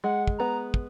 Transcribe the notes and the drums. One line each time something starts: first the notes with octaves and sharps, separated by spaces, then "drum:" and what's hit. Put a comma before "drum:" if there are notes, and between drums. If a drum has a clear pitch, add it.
G#3 F#5
drum: kick
B3 A#5
drum: kick